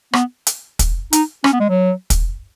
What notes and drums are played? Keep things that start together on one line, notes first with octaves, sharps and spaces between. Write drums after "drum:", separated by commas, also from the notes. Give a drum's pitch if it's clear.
B3, drum: rim click
drum: hi-hat
drum: kick, hi-hat
D#4, drum: hi-hat
C#4, drum: rim click
B3
G#3
F#3
drum: kick, hi-hat